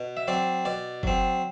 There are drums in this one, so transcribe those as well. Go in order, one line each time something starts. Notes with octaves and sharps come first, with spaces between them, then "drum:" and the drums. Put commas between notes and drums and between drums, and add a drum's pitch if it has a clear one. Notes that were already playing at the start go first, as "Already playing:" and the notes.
Already playing: B2
E5
F#3 C4 D5
B2 D5
F#3 C4, drum: kick F#1